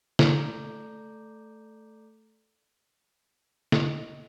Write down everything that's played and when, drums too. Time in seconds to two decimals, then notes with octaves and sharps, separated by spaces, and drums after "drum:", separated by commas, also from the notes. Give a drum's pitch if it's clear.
0.19 A3 A4 D5 A#5 D6 G6, drum: snare
3.72 D#5, drum: snare